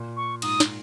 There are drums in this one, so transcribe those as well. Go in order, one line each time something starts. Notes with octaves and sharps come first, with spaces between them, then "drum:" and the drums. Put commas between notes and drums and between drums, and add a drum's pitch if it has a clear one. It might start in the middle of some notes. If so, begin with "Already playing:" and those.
Already playing: A#2
C#6
G#2 D#6, drum: cymbal
drum: snare